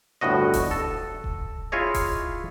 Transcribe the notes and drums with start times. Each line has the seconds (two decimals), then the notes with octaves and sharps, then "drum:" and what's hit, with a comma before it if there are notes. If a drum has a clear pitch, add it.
0.21 G1 D2 A2 F#4 D#5
0.54 drum: kick D#1, open hi-hat
0.71 A4
1.24 drum: kick D#1
1.72 E4 F4 G#4 C#5 D#5
1.94 drum: kick D#1, open hi-hat